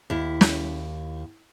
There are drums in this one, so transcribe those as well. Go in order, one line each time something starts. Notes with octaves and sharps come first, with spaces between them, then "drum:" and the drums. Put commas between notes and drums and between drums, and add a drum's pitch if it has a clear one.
D#2 E4
drum: snare